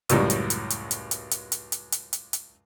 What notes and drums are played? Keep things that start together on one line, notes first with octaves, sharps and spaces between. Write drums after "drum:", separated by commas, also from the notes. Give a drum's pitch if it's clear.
C#2 F#2 A2 G3, drum: hi-hat
drum: hi-hat
drum: hi-hat
drum: hi-hat
drum: hi-hat
drum: hi-hat
drum: hi-hat
drum: hi-hat
drum: hi-hat
drum: hi-hat
drum: hi-hat
drum: hi-hat